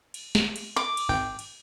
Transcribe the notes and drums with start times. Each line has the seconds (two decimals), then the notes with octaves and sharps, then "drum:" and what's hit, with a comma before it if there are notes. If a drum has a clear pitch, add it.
0.14 drum: cymbal
0.35 drum: snare
0.56 drum: cymbal
0.76 D6
0.97 drum: cymbal
1.09 G#1 G5
1.39 drum: cymbal